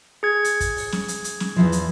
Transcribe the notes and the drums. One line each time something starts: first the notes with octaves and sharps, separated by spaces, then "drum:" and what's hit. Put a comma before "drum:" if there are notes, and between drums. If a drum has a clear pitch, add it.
G#4 G#6
drum: hi-hat
drum: kick, hi-hat
drum: open hi-hat
drum: snare
drum: hi-hat
drum: hi-hat
drum: snare
E2 E3 F3
drum: hi-hat